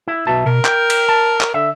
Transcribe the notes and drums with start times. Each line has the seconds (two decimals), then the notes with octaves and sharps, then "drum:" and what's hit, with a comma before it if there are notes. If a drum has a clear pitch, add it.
0.07 E4
0.27 B1 B2 E5 A5
0.46 B2 A#4
0.65 G5, drum: clap
0.90 drum: cymbal
1.09 A5
1.41 drum: clap
1.54 D3 E5